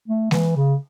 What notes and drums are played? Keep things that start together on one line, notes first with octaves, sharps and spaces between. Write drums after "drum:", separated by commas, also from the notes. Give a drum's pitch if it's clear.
A3
E3, drum: snare G#3
C#3